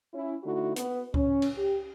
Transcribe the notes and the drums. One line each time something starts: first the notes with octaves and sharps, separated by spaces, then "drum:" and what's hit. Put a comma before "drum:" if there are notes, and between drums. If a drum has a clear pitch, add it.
C#4 E4
D3 A3 D#4 E4 F#4
B3, drum: hi-hat
C#4, drum: kick C#2
drum: cymbal
G4